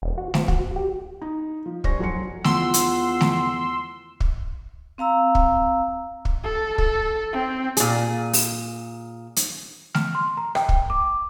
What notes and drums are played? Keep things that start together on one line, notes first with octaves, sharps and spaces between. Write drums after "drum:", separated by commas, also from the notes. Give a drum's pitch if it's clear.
E1
F#4
F3, drum: snare A3
F#4, drum: kick
G4
D#4
F3
G3 D4 C5 G#5 C#6 A#6, drum: kick
F1 F#3 F#5 G#5 C6 C#7
E2 F4 F#5 C6 E6, drum: snare A3
drum: hi-hat
drum: snare A3
drum: kick
C4 F5 A#5 E6
drum: kick
drum: kick
A4
A4, drum: kick
C4
A#2 G#4, drum: hi-hat
drum: open hi-hat
drum: hi-hat
F6, drum: snare A3
C6
A#5
G5, drum: rim click
drum: kick
D6